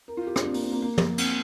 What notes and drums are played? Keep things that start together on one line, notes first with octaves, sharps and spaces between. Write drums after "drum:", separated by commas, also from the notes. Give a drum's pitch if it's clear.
A#4
F4
G4
D4, drum: rim click
C4
A#3, drum: open hi-hat
C4
A#3
A#3
drum: tom
C4, drum: cymbal